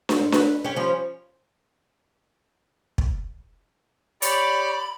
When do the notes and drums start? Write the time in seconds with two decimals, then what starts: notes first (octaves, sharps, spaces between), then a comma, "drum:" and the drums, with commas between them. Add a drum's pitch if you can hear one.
0.09 drum: snare D4
0.19 G#2
0.32 B4, drum: snare D4
0.65 C#4 G4
0.76 F3 G3 C#4
2.98 drum: kick
4.22 G4 C#5 D5 B5, drum: hi-hat